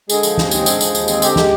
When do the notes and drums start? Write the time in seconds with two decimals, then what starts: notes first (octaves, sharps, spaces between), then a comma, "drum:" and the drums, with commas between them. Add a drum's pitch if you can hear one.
0.09 D3 G#3 G#4, drum: tambourine
0.23 F3, drum: tambourine
0.38 D#2, drum: snare
0.51 C4, drum: tambourine
0.66 D3, drum: tambourine
0.81 F3, drum: tambourine
0.95 D#2, drum: tambourine
1.08 C4, drum: tambourine
1.22 D3 G4, drum: tambourine
1.36 G#3, drum: snare